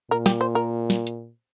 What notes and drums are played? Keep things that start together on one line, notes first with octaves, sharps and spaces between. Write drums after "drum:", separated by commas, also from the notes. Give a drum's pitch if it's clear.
A#2 A#4
G4, drum: snare
C5
A#4
drum: snare
drum: hi-hat